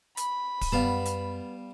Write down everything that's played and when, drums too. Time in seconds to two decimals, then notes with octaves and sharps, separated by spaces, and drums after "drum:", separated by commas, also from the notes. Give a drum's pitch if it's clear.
0.17 B5, drum: hi-hat
0.61 drum: kick D1, open hi-hat
0.72 F#2 G3 B3 F5 A5
1.06 drum: hi-hat